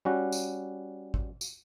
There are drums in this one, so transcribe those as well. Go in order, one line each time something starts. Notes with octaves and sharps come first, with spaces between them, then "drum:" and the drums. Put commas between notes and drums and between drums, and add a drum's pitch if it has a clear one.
G3 C#4 F#4
drum: tambourine
drum: kick G#1
drum: tambourine